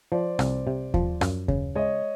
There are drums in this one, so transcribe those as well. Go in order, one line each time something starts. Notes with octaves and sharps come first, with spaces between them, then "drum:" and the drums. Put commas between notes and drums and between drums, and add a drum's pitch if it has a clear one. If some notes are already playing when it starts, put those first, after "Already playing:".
F3 C5 D5
C2, drum: rim click
C3
F3, drum: kick D#2
F#2, drum: rim click
C#3, drum: kick D#2
G#3 C#5 D#5